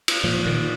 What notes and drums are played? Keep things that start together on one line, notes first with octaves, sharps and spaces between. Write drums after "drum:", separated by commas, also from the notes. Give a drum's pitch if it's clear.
drum: cymbal
A#2 F3
A#2 D#3